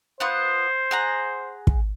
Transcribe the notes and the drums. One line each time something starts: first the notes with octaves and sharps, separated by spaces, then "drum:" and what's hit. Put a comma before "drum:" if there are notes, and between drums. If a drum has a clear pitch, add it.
B3 F4 C5 F#5
G#4 F#5 A#5
drum: kick